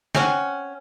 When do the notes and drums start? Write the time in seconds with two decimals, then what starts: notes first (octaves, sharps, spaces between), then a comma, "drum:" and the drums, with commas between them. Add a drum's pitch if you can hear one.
0.15 C4 C#4 F#5, drum: snare